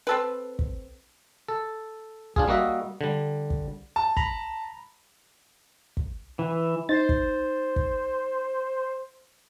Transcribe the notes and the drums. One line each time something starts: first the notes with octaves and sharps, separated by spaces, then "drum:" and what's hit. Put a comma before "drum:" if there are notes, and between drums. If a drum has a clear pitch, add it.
C4 A4 B4
drum: kick
A4
D4 F4 G#4, drum: kick
G3 A#3 F#4 D#5 E5
D3 G3
drum: kick
A5
A#5 B5, drum: kick
drum: kick
E3
D#4 C5 A6
drum: kick
drum: kick